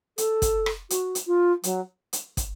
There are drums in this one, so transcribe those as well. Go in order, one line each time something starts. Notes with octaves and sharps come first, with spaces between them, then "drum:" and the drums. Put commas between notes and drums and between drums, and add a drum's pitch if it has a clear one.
A4, drum: hi-hat
drum: kick, hi-hat
drum: rim click
F#4, drum: hi-hat
drum: hi-hat
F4
F#3, drum: hi-hat
drum: hi-hat
drum: kick, hi-hat